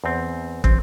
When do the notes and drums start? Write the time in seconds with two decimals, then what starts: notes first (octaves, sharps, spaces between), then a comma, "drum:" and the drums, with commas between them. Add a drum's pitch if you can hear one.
0.04 E2 C4
0.64 A1 C4, drum: kick